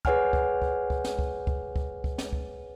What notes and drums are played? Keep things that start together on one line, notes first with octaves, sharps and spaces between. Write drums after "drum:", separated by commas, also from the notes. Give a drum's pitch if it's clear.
G#4 B4 C#5 F#5 G#5 F6, drum: kick
drum: kick
drum: kick
drum: kick
drum: snare
drum: kick
drum: kick
drum: kick
drum: kick
drum: snare
drum: kick